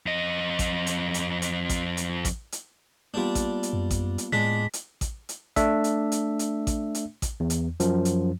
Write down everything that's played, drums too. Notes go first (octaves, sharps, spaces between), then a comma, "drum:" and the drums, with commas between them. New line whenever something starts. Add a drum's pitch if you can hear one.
F2 D#5
drum: kick A1, hi-hat
drum: hi-hat
drum: hi-hat
drum: hi-hat
drum: kick A1, hi-hat
drum: hi-hat
drum: kick A1, hi-hat
drum: hi-hat
G3 A#3 B3 D4 F4
drum: kick A1, hi-hat
drum: hi-hat
F#2
drum: kick A1, hi-hat
drum: hi-hat
A2 G#3 D4 B6
drum: hi-hat
drum: kick A1, hi-hat
drum: hi-hat
A3 D4 E5, drum: kick A1, hi-hat
drum: hi-hat
drum: hi-hat
drum: hi-hat
drum: kick A1, hi-hat
drum: hi-hat
drum: kick A1, hi-hat
E2
drum: hi-hat
F#2 F3, drum: hi-hat
drum: hi-hat